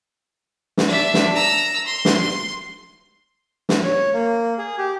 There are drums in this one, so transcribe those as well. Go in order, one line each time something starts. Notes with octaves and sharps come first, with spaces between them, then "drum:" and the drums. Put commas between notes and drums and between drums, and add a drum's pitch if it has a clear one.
drum: snare
D4 E5
drum: snare
A#5 E6
C6
drum: snare
drum: snare
C#5
A#3
G#4
G4